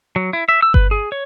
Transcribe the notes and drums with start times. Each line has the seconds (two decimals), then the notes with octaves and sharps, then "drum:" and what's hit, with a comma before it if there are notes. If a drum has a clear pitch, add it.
0.16 F#3
0.33 E4
0.49 E5
0.62 E6
0.74 B4, drum: kick G1
0.91 G#4
1.12 C#5